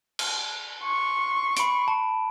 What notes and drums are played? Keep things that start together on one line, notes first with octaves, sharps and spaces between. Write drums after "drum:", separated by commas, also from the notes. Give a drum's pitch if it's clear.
drum: cymbal
C6 C#6
B5 D7, drum: hi-hat
A5